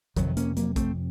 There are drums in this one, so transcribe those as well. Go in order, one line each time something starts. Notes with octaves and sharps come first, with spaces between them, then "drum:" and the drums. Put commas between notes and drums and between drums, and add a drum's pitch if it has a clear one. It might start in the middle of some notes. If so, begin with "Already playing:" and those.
F1 F2 C3 D#3 F#3, drum: kick A1, hi-hat
A#3 C#4, drum: hi-hat
F#3 A#3, drum: hi-hat
A3 C4, drum: kick A1, hi-hat